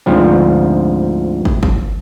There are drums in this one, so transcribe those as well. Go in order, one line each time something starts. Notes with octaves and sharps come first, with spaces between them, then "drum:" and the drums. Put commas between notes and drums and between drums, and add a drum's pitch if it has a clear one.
D2 G#2 F3 C4
drum: kick
drum: kick